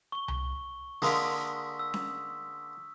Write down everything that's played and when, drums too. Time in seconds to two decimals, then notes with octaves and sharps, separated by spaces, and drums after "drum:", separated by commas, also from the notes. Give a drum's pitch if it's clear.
0.12 C#6 G7
0.28 drum: tom C2
1.02 D3 G#3 A#3 D#6 E6 B6, drum: open hi-hat
1.79 E6
1.94 drum: snare C#4